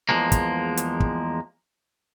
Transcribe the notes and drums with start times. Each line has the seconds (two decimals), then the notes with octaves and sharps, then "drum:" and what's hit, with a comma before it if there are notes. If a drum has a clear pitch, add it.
0.09 E2 F3 G#3 A#3
0.32 drum: kick, hi-hat
0.77 drum: hi-hat
1.00 drum: kick